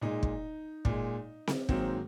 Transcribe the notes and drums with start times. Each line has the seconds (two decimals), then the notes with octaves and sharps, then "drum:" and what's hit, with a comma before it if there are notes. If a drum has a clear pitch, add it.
0.01 A#2 G#3 D#4
0.23 drum: kick
0.85 A#2 G#3, drum: kick
1.47 drum: snare C4
1.69 G#2 D#3 F#3 A#3 C4, drum: kick